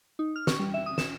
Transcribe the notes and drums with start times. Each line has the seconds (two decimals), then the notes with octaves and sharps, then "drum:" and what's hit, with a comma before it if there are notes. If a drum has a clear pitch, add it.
0.19 D#4
0.36 F6
0.47 C#6, drum: snare
0.59 G3
0.74 E5
0.86 D#6
0.98 E7, drum: snare